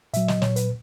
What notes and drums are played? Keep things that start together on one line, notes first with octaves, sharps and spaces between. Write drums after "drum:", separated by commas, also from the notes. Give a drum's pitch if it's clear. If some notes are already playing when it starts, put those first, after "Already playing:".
A#2 F#3 E5, drum: hi-hat
D#5, drum: snare
A#2 F#3 C#5, drum: snare
B4, drum: hi-hat